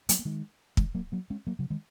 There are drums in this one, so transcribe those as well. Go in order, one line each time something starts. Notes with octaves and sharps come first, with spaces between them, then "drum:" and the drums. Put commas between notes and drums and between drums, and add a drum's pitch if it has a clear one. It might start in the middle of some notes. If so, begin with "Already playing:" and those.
F#3 A#3, drum: hi-hat
A#3
D#3 G#3
D#3 G#3, drum: kick
F#3 A#3
F#3 A#3
G#3 C#4
F#3 A#3
C#3 F#3
D#3 G#3